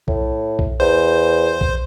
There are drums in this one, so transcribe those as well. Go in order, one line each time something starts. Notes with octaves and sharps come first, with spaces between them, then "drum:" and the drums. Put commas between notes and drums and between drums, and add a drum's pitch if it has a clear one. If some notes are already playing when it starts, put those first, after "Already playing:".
A2, drum: kick B1
drum: kick B1
E2 C5
drum: kick B1